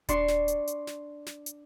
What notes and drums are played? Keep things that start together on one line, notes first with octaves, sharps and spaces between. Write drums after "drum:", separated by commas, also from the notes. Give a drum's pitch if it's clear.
D4 D5 C6 C#6, drum: kick D#1, hi-hat
drum: snare
drum: hi-hat
drum: hi-hat
drum: snare
drum: snare
drum: hi-hat